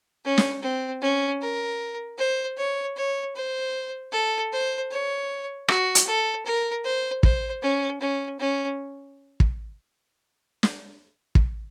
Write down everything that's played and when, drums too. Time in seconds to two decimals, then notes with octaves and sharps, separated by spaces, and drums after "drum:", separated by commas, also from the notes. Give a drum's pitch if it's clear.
0.25 C#4
0.38 drum: snare
0.62 C4
1.02 C#4
1.41 A#4
2.18 C5
2.57 C#5
2.97 C#5
3.35 C5
4.12 A4
4.52 C5
4.91 C#5
5.68 F#4, drum: rim click
5.95 drum: hi-hat
6.07 A4
6.46 A#4
6.84 C5
7.23 C5, drum: kick
7.62 C#4
8.01 C#4
8.39 C#4
9.40 drum: kick
10.63 drum: snare
11.35 drum: kick